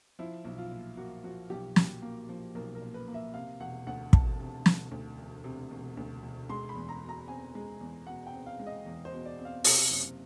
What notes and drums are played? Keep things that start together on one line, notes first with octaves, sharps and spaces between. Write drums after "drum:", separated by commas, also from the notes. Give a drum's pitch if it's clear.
F3 E4
B1
F4
A#2
A#3 F#4
F3 F#4
B1 G4
A#2, drum: snare
A#3
F3
B1 A#4
A#4
A#2
B4
A#3
E5
C3 F5
E1 F#5
D2 F#5
E1 A5, drum: kick
C3
E1, drum: snare
D2
E1
C3
E1
D2
E1
G#3 C6
B5
E2
A#5
B2
A#5
C4 G#5
G#3
E2
B2 F#5
G5
C4
F5
G#3
D#5
E2
C5
B2
D5
C4
F5
C3, drum: open hi-hat
F#1